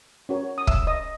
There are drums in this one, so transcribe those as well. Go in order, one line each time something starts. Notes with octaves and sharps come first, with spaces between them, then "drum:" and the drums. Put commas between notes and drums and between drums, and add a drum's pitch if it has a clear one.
C#4 F#4 A#4 C#5
D#6
E5 E6, drum: kick
D#5 D#6